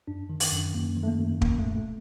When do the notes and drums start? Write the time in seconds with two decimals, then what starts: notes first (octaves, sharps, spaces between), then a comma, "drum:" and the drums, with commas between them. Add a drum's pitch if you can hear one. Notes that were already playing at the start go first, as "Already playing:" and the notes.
0.07 F#2 D4
0.29 D#3
0.40 drum: open hi-hat
0.52 F#2
0.74 F#2 A#3
0.97 D#3
1.03 A3
1.08 A#3
1.19 F#2
1.42 A#2 A#3, drum: kick
1.59 A3
1.65 A#2
1.75 A3